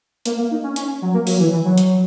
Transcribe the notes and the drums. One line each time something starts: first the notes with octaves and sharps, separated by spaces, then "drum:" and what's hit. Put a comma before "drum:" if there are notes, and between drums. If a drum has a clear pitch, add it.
A#3, drum: hi-hat
A#3
D#4
C#4
C#4, drum: hi-hat
F#3
A#3
F#3, drum: open hi-hat
E3
E3
F#3
drum: hi-hat